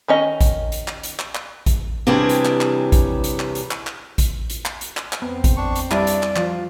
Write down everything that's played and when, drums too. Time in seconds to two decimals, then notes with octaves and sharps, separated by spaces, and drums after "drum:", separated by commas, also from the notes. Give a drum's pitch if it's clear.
0.08 D#3 C#4 D#5
0.41 drum: kick A1, hi-hat
0.72 drum: hi-hat
0.88 drum: clap
1.03 drum: hi-hat
1.19 drum: clap
1.35 drum: clap
1.66 drum: kick A1, hi-hat
2.07 C3 E3 G3 C#4 D4 G#4
2.29 drum: hi-hat
2.45 drum: clap
2.61 drum: clap
2.92 drum: kick A1, hi-hat
3.24 drum: hi-hat
3.40 drum: clap
3.55 drum: hi-hat
3.71 drum: clap
3.87 drum: clap
4.18 drum: kick A1, hi-hat
4.50 drum: hi-hat
4.65 drum: clap
4.81 drum: hi-hat
4.97 drum: clap
5.13 drum: clap
5.22 F2 B3 C4
5.44 drum: kick A1, hi-hat
5.57 D4 C#6
5.76 drum: hi-hat
5.91 G2 G3 D4 E4 D5, drum: clap
6.07 drum: hi-hat
6.23 drum: clap
6.36 F3 F4, drum: clap